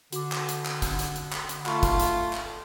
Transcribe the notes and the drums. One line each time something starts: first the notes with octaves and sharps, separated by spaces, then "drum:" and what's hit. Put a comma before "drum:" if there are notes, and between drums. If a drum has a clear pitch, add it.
D3 F#4 D6, drum: hi-hat
drum: clap
drum: hi-hat
drum: clap
drum: kick, hi-hat
drum: hi-hat
drum: hi-hat
drum: clap
drum: hi-hat
A3 F4 B5 C#6, drum: clap
drum: kick, hi-hat
drum: hi-hat
drum: clap